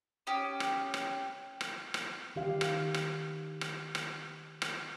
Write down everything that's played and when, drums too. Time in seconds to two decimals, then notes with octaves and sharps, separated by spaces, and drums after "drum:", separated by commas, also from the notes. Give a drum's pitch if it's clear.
0.27 C#4 G4 D#6
0.60 drum: rim click
0.94 drum: rim click
1.61 drum: rim click
1.94 drum: rim click
2.36 D#3 G4 F5
2.61 drum: rim click
2.94 drum: rim click
3.61 drum: rim click
3.95 drum: rim click
4.62 drum: rim click